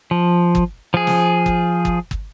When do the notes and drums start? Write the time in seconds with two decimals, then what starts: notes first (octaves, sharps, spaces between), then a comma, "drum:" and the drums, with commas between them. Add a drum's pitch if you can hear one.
0.11 F3
0.55 drum: kick
0.94 F3 G#4
1.07 drum: snare
1.46 drum: kick
1.85 drum: kick
2.11 drum: kick